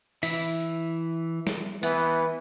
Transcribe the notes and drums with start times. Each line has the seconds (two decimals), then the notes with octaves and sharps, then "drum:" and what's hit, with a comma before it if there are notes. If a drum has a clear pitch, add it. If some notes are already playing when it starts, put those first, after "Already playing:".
0.23 E3 E4 E5, drum: open hi-hat
1.47 drum: snare
1.83 E3 B3, drum: hi-hat